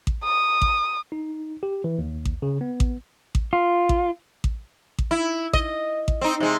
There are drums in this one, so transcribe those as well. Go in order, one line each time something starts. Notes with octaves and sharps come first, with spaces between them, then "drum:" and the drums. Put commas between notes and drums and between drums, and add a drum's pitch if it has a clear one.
drum: kick A1
D#6
drum: kick A1
D#4
G4
E3
D#2
drum: kick A1
C#3
B3
drum: kick A1
drum: kick A1
F4
drum: kick A1
drum: kick A1
drum: kick A1
E4
D#5, drum: kick A1
drum: kick A1
C4 D#4
C3 G#3